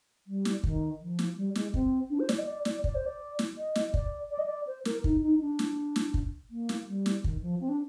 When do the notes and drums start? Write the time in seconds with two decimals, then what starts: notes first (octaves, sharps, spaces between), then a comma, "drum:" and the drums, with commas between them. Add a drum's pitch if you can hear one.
0.27 G3
0.45 drum: snare
0.64 D#3, drum: kick
1.00 F3
1.19 drum: snare
1.37 G3
1.55 G#3, drum: snare
1.74 C4, drum: kick
2.10 D4
2.19 C5
2.29 D5, drum: snare
2.38 D#5
2.47 D5
2.65 D5, drum: snare
2.84 D5, drum: kick
2.95 C5
3.06 D5
3.39 drum: snare
3.58 D#5
3.75 drum: snare
3.94 D5, drum: kick
4.31 D5
4.38 D#5
4.46 D5
4.67 C5
4.85 A#4, drum: snare
5.04 D#4, drum: kick
5.22 D#4
5.40 D4
5.59 drum: snare
5.96 drum: snare
6.14 drum: kick
6.50 A#3
6.69 drum: snare
6.87 G3
7.06 drum: snare
7.24 D#3, drum: kick
7.42 F3
7.61 C4
7.69 D4